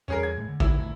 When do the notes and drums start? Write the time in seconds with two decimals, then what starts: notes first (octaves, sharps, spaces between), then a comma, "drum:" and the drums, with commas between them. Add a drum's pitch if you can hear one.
0.08 E2 G3 C#4 G#4 A#4
0.23 G#6
0.37 A2 G3 G#3
0.48 D3
0.60 E4, drum: kick A1
0.77 D#1 A#1 A3